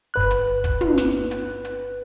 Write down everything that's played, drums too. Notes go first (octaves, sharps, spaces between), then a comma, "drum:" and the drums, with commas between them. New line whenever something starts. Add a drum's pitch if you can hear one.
G1 B4 F#6
drum: hi-hat
drum: kick, hi-hat
drum: tom
drum: snare
drum: hi-hat
drum: hi-hat